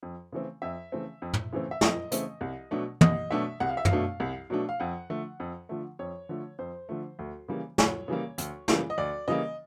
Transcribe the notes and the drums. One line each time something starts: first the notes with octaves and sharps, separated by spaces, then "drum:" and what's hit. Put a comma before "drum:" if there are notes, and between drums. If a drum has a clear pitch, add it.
F2
C#3 E3 A3 C4
F2 E5
C#3 E3 A3 C4
F2
drum: tom
C#3 E3 A3 C4
E5
F2 D#5, drum: snare
C#3 E3 A3 C4, drum: hi-hat
C2
B2 F#3 A3 D4
C2 D#5, drum: tom
B2 F#3 A3 D4 E5
C2 F#5
F5
E5
F5, drum: tom
B2 F#3 A3 D4
C2
B2 F#3 A3 D4
F5
F2 F#5
D3 F3 A3
F2
D3 F3 A3
F2 C#5
D3 F3 A3
F2 C5
D3 F3 A3
D2
C#3 E3 G3 A#3
D2 C#5, drum: snare
C#3 E3 G3 A#3
D2, drum: hi-hat
C#3 E3 G3 A#3, drum: snare
D#5
D2 D5
C#3 E3 G3 A#3 D#5